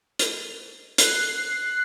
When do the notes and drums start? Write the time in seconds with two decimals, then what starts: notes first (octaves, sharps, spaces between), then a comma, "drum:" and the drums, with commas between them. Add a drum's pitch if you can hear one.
0.19 drum: hi-hat
0.98 F#6 C7, drum: hi-hat